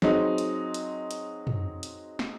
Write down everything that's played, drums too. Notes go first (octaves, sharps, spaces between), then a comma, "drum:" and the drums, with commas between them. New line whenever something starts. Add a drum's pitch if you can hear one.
F#3 G#3 C4 D#4, drum: snare
drum: hi-hat
drum: hi-hat
drum: hi-hat
drum: tom
drum: hi-hat
drum: snare